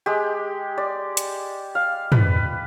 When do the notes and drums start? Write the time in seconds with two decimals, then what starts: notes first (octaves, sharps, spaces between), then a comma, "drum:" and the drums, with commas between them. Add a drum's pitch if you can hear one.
0.06 G#3 G4
0.78 D5
1.17 drum: hi-hat
1.75 F5
2.12 B4, drum: tom